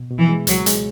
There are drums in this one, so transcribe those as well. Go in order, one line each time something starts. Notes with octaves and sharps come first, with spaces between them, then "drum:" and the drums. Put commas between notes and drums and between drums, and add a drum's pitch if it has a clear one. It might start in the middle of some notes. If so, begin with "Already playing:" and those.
Already playing: B2
B2
E3
G#3
C#2 F#3, drum: hi-hat
G#3, drum: hi-hat